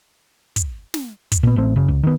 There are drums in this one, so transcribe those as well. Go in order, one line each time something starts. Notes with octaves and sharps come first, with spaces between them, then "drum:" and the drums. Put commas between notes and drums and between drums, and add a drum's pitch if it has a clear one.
drum: kick, hi-hat
drum: snare
drum: kick, hi-hat
A#2 B3
A1 A3 C4
F#1 C#3
C#2
D#3 B3